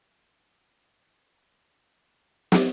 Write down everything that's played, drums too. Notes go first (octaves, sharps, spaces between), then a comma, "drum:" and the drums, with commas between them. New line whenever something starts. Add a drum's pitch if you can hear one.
A3 A4 E6 F6
C5
drum: snare